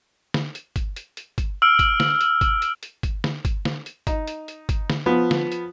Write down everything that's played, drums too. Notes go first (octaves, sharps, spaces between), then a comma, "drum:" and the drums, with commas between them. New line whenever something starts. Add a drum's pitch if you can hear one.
drum: snare
drum: hi-hat
drum: kick, hi-hat
drum: hi-hat
drum: hi-hat
drum: kick, hi-hat
E6 F6 D7
drum: kick, hi-hat
drum: snare
drum: hi-hat
drum: kick, hi-hat
drum: hi-hat
drum: hi-hat
drum: kick, hi-hat
drum: snare
drum: kick, hi-hat
drum: snare
drum: hi-hat
D#4, drum: kick, hi-hat
drum: hi-hat
drum: hi-hat
drum: kick, hi-hat
drum: snare
F3 B3
drum: snare
drum: hi-hat